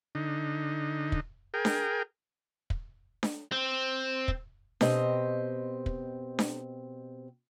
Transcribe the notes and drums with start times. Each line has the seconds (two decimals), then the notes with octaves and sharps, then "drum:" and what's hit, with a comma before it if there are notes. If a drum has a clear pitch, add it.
0.15 D3 D#4
1.12 drum: kick
1.54 G#4 A#4 G5
1.65 drum: snare D4
2.70 drum: kick
3.23 drum: snare D4
3.52 C4
4.28 drum: kick
4.81 B2 C4 G4 D#5, drum: snare D4
5.86 drum: kick
6.39 drum: snare D4